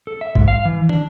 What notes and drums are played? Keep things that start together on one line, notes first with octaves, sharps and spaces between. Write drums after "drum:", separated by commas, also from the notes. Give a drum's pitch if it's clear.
A4
E5
G#2, drum: kick
F5
E3
D4, drum: tom